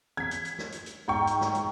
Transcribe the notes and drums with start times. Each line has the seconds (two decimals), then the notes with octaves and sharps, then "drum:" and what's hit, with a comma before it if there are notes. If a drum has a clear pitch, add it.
0.17 G#6 B6, drum: tom
0.31 drum: hi-hat
0.45 drum: hi-hat
0.59 drum: snare
0.72 drum: hi-hat
0.86 drum: hi-hat
1.08 G#2 G5 C#6
1.27 drum: hi-hat
1.41 drum: snare
1.55 drum: hi-hat